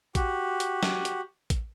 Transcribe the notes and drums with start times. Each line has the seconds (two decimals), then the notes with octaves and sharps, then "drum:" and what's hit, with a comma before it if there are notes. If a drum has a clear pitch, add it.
0.15 F#4 G4, drum: kick A1, hi-hat
0.60 drum: hi-hat
0.83 drum: snare
1.05 drum: hi-hat
1.50 drum: kick A1, hi-hat